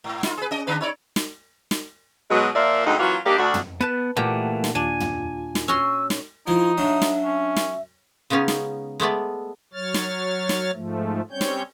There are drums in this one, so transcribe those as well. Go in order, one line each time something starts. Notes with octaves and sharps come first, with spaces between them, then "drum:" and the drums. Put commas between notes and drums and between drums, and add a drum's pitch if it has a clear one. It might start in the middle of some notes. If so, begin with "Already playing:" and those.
G#2
D#4 F4, drum: snare
G#4 B4
C#4 D#5
D3 D4 B4
D#4 C#5 D5
drum: snare
drum: snare
B2 F#3 G#3
A#2 F3 A#4 C5 D5 E5
D2 G2 G#3 C4 D#4 F#5
E3 F#3 A#3 C#4 F4 F#4
A#3 D4 D#4 G4
D2 D4 F#4
drum: tom
B3 B4 A5 F#6
A#2 E3 A3 A#3 G4 A#4 F#5 A5
drum: snare
D#2 D4 F4 G#5
drum: tom
drum: snare
C#4 F#4 C6 E6
drum: snare
F3 D#4 E4
F#3 D4 E5
drum: snare
C#4
drum: snare
C#3 G#3 B3 C#4 D#4
drum: snare
G#3 A3 B3 D5
F#3 C#5 F6 A6
drum: snare
drum: snare
G#2 F3 A3
G3 C4 C#4 C#5 G6
drum: snare